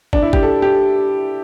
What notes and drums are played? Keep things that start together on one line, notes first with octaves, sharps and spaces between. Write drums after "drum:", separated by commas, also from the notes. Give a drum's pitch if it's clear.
D4, drum: kick
E4
G4, drum: kick
A4
G4